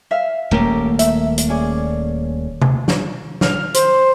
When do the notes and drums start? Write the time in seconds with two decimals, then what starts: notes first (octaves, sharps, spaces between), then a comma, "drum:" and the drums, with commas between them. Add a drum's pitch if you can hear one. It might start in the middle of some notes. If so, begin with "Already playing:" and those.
0.11 E5 F5
0.51 D#1 A3 A#3 C#4 G4 A#4
0.99 E5, drum: hi-hat
1.38 drum: hi-hat
1.49 C#4 G#4 D5
2.62 drum: tom C3
2.88 drum: snare
3.41 F6, drum: snare
3.74 C5, drum: hi-hat